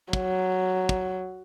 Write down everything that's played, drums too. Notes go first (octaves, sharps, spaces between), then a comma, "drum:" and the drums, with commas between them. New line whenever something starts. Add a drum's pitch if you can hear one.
F#3, drum: kick
drum: kick